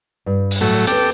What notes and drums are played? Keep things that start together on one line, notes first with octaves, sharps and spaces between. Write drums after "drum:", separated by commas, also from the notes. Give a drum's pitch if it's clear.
G2
drum: open hi-hat
A2 F#3 A3
D#2 A4 B4 G5 D6, drum: hi-hat